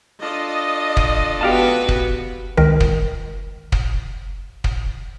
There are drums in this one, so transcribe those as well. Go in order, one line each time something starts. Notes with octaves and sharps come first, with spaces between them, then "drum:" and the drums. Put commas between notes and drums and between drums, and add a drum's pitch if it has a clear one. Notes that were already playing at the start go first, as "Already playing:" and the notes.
D4 F4 A4 D#5
drum: kick
B3 F#4 G4 B4 F5 A5
drum: kick
C#2 D#3 A#4
drum: kick
drum: kick
drum: kick